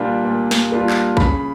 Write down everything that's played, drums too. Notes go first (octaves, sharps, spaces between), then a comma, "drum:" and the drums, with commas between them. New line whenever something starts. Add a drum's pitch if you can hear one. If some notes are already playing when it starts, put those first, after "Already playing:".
Already playing: A#2 G3 A#3 D4 F4
A#2
drum: snare
G3 A#3 D4 F4
drum: clap
C#3 B5, drum: kick A#1